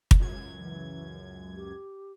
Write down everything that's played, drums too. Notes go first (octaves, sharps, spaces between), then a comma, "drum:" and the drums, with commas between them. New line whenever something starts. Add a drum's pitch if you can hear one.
drum: kick
C#2 F#2 G#6
E3
G4